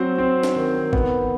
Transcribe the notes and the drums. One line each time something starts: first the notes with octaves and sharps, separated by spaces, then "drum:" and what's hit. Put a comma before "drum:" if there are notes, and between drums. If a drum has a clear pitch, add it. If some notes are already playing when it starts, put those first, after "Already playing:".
Already playing: F#3 C4 C5
C4
drum: snare
D#3
B3, drum: kick